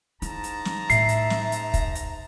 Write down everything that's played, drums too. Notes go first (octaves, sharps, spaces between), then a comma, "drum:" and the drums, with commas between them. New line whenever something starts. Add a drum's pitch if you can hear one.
G#2 E4 A5 A#5, drum: hi-hat
drum: hi-hat
drum: snare
A2 E5 C7, drum: hi-hat
drum: hi-hat
drum: snare
drum: hi-hat
drum: kick, hi-hat
drum: hi-hat